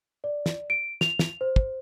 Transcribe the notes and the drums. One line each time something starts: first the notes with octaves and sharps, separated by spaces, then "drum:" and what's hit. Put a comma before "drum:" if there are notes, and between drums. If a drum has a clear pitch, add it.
D5
drum: snare
D7
F7, drum: snare
drum: snare
C5
drum: kick